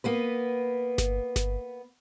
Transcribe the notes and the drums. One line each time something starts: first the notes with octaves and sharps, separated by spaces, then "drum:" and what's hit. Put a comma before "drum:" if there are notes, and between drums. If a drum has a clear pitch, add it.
A#3 B3 B4
drum: snare G1
drum: snare G1